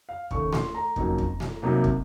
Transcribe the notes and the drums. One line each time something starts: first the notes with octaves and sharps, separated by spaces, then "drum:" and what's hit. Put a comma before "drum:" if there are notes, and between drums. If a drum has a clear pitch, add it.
F5
D#2 C#3 A3 C#6, drum: kick
C6, drum: snare A3
A#5
F2 C#3 F#3 A#3 D#4, drum: kick
drum: kick
drum: snare A3
C2 C3 F#3 A#3 D#4
drum: kick